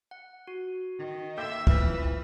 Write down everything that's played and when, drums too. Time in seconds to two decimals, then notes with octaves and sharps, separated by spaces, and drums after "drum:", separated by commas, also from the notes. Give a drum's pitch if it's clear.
0.11 F#5
0.47 F#4
0.98 D#3
1.38 A#3 A4 E5 F5 G5 D6 E6 G6
1.67 F2 E3 B4 F6, drum: kick C#2